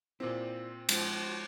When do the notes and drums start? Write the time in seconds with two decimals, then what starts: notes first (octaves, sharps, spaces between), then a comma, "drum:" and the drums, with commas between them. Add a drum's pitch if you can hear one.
0.20 A#2 C4 E4 C5 D5
0.89 F3 G#3 F#4, drum: cymbal